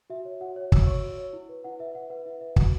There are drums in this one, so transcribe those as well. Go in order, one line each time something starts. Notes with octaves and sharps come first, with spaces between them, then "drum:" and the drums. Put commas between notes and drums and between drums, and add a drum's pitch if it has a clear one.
F#4 E5
C#5
F#4 F#5
C#5
F#4 E6, drum: kick
C#5 C#6
F#4
C#5
E4
B4
E4 F#5
B4 E5
E4 F#5
B4 F#5
E4 E5
B4 E5
F#4 F#5, drum: kick